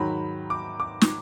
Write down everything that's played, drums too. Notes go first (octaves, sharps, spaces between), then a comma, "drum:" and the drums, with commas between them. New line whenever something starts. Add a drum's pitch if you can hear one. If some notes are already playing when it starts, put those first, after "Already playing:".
Already playing: G#2 D#3 F#3 B5
D6
D6
drum: snare